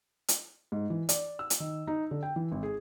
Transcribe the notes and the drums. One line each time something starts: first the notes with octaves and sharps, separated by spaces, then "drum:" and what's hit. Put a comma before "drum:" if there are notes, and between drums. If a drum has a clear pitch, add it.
drum: hi-hat
G#2
E3
D5, drum: hi-hat
E6
drum: hi-hat
D#3
D#4
D3
G5
E3
G#1
G#4